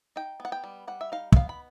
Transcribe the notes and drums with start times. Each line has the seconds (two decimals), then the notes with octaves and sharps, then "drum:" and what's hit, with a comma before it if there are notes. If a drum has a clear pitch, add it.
0.16 D#4 G5
0.40 B3
0.45 F#5
0.52 G5
0.64 G3
0.87 G3 F#5
1.01 E5
1.12 D#4 F5
1.32 E5, drum: kick
1.36 B3 F5
1.49 B5